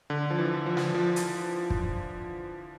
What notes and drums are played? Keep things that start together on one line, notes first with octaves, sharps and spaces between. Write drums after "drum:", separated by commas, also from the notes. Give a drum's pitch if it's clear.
D3
F3
E3
F3
drum: snare
F3
drum: hi-hat
drum: kick